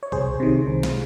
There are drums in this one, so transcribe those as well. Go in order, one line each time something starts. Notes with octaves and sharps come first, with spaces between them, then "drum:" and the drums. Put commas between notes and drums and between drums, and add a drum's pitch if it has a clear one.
C#5
C2 G#4 C5, drum: kick
C3 D#3
C2
drum: snare